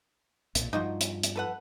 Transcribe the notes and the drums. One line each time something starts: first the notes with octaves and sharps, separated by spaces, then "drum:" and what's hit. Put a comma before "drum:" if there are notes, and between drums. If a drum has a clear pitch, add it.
B1 A#2, drum: hi-hat
G2 F3 D#4 F4 F#4
drum: hi-hat
drum: hi-hat
A4 B4 F#5